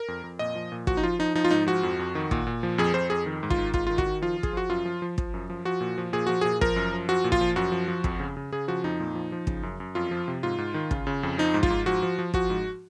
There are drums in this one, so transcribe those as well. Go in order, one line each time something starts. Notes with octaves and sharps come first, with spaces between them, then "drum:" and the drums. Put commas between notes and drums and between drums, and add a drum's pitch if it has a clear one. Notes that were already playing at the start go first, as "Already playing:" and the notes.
Already playing: A#4
F2
F2
A#2 D#5
F3
A#2
F3 F#4, drum: kick
D#4
F3 F4
F3 D#4
F3 D#4
F4
G#2 D#4
F3 F#4
F2
F2
D#3
A#2, drum: kick
A#2
F3
F2 G#4
F2 C5
F2 G#4
D#3
G#2
F4, drum: kick
D#3
G#2 F4, drum: kick
D#3 F4
F#4, drum: kick
D#3
F3 F4
F3
G#4, drum: kick
F3 F#4
F#2 F4
F3
F3
F3, drum: kick
F#2
F3
F3 F#4
A#2
F3
A#2 G#4
F3 F#4
A#2 G#4
F3 A#4, drum: kick
F#2
F3
F3 F#4
A#2
F4, drum: kick
F3
F#2 F#4
F3
F3
F2, drum: kick
C#3
C#3
C#3 G#4
F3 F#4
F2 D#4
A#2
F3
F3
C#3, drum: kick
F#2
F#2
F2 F4
F3
C3
G#2 F4
G#2
D#3
C#3, drum: kick
C#3
F2
F3 D#4
G#2
F4, drum: kick
G#2
F3 F#4
F3
F3
F3 F#4, drum: kick
G#2